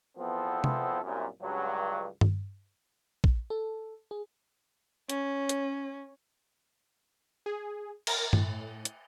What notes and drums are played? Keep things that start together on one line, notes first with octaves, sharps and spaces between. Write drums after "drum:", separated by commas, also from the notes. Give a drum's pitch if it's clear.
E2 F3 B3 C4 E4 A4
drum: tom C3
C2 F#2 A#2
C#2 G2 F#3
drum: tom G2
drum: kick
A4
G#4
C#4, drum: hi-hat
drum: hi-hat
G#4
A#4, drum: cymbal
A2, drum: tom G2
drum: hi-hat